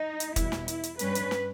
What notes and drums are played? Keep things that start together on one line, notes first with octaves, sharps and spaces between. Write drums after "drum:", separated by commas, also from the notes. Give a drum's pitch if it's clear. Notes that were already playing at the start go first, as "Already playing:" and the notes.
Already playing: D#4
drum: hi-hat
E2 B2 G3 B3 E4, drum: kick, hi-hat
drum: snare
E4, drum: hi-hat
drum: hi-hat
G2 G3 C#4 B4, drum: hi-hat
drum: hi-hat
drum: snare